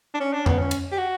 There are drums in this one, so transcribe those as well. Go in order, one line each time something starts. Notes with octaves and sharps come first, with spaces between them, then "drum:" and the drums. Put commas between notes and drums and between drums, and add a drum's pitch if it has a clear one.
D4
C#4
D4
B3, drum: tom F2
C#4
drum: cymbal
G4
F#4